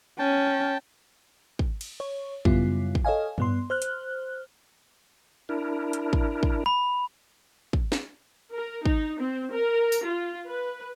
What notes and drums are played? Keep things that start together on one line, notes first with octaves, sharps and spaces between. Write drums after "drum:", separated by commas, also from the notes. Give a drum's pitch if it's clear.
C#4 G5 A5
drum: kick
drum: cymbal
C#5
F#2 C#3 G3 B3 E4 F4, drum: kick
drum: kick
A4 C#5 D#5 F5 G#5
G2 B3 C6, drum: tom
C5 F6 F#6
drum: hi-hat
D4 E4 A#4
drum: hi-hat
drum: kick
drum: kick
B5
drum: kick
drum: snare
A#4
D#4, drum: kick
C4
A#4
drum: tambourine
F4
B4